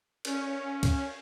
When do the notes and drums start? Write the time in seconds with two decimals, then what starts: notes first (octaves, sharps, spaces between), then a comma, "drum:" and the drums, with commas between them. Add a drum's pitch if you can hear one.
0.25 C#4, drum: cymbal
0.83 drum: kick, cymbal